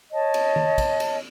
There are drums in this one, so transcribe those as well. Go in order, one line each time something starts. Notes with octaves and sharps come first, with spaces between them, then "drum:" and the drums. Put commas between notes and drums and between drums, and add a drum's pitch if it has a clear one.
C#5 D#5 A5
drum: cymbal
drum: tom D#3
drum: kick, cymbal
drum: cymbal